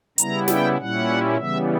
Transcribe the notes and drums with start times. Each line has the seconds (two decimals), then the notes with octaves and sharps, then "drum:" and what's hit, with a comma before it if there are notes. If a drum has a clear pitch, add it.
0.18 C#3 G3 B3 E4 A#5, drum: hi-hat
0.48 G5, drum: snare
0.78 A#2 G3 C#4 E4 F#5
1.37 C#3 E3 G3 B3 E5